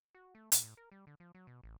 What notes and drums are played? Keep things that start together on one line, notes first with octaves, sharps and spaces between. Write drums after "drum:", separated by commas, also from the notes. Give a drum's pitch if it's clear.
F#4
A3
A#2, drum: hi-hat
A2
A#4
G3
D3
F3
F#3
B2
A1